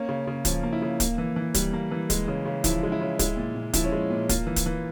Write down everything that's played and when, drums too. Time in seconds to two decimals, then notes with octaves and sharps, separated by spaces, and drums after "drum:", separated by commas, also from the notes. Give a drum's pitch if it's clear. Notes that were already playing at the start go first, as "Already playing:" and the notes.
Already playing: A#3 C#4
0.09 C#3
0.27 C#3
0.45 F3 C#4, drum: kick, hi-hat
0.63 A#3
0.73 E4
0.82 C#3
1.00 A#3, drum: kick, hi-hat
1.18 E3
1.36 E3
1.54 G3, drum: kick, hi-hat
1.73 A#3
1.91 E3
2.10 G#3, drum: kick, hi-hat
2.28 C#3
2.46 C#3
2.64 F3 E4, drum: kick, hi-hat
2.83 G#3
2.92 E4
3.01 C#3
3.19 G#3 E4, drum: kick, hi-hat
3.37 A#2
3.55 A#2
3.73 F3 E4, drum: kick, hi-hat
3.84 C#4
3.92 G#3
4.02 C#4
4.10 A#2
4.29 A#3 F4, drum: kick, hi-hat
4.47 E3
4.56 drum: kick, hi-hat
4.66 E3